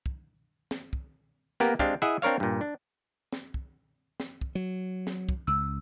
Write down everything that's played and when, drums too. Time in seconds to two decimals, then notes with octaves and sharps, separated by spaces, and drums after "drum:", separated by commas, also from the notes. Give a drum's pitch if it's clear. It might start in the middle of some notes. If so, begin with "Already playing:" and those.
0.06 drum: kick
0.71 drum: snare
0.93 drum: kick
1.60 A#3 B3 G4 A#4, drum: snare
1.79 G#3 C4 D4 G4 F5, drum: kick
2.02 E4 G#4 D#5 E5 F#5
2.22 C4 D4 A#4 C#5 F5
2.40 G2 A#2
2.61 D4
3.33 drum: snare
3.54 drum: kick
4.20 drum: snare
4.41 drum: kick
4.55 F#3
5.07 drum: snare
5.29 drum: kick
5.47 C#2 E6